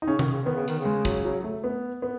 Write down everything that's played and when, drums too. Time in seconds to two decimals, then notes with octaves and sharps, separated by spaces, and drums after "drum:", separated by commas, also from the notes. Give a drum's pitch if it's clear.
0.02 D#4
0.08 C#3 C#4
0.19 D#3, drum: tom C3
0.32 C#3
0.43 D#3 B3
0.55 C#3
0.68 D#3, drum: hi-hat
0.80 C#3
0.85 G#3
1.05 F#3, drum: kick
1.25 F#3
1.44 A3
1.64 B3
2.02 B3